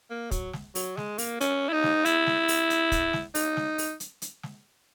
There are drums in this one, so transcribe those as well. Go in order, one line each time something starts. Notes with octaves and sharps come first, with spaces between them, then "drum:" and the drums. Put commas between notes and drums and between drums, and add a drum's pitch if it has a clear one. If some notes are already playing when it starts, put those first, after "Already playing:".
A#3
F#3, drum: kick, hi-hat
drum: snare
F#3, drum: open hi-hat
G#3, drum: snare
A#3, drum: open hi-hat
C#4, drum: hi-hat
E4
D#4
drum: snare
E4, drum: hi-hat
drum: snare
drum: open hi-hat
drum: hi-hat
drum: kick, hi-hat
drum: snare
D#4, drum: open hi-hat
drum: snare
drum: open hi-hat
drum: hi-hat
drum: hi-hat
drum: snare